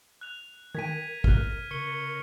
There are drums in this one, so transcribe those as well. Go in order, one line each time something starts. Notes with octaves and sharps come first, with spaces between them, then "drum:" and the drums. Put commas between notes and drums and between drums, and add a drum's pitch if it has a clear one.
F#6 F7
D#3 A#4 G5 G#6 B6 D#7
C#2 F6 F#6, drum: kick
C#3 A#4 C#6 C#7 G7